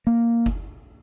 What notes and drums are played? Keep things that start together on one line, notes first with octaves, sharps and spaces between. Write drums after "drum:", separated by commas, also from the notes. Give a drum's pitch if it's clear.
A#3
drum: kick F#1